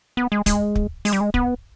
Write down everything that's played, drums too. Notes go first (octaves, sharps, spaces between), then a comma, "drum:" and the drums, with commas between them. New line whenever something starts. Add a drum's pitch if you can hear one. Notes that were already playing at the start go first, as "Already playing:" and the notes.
B3
G#3
G#3, drum: kick, hi-hat
drum: kick
G#3, drum: open hi-hat
G3
G#3
B3, drum: kick